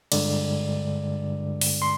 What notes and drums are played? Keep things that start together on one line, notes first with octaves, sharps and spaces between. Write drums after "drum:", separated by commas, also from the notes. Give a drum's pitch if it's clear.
G2 D3 G#3 D5, drum: cymbal
drum: open hi-hat
C6